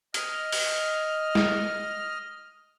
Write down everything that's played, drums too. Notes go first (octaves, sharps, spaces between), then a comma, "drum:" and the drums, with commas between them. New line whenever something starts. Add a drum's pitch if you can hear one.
D#5 F6, drum: hi-hat
drum: open hi-hat
drum: snare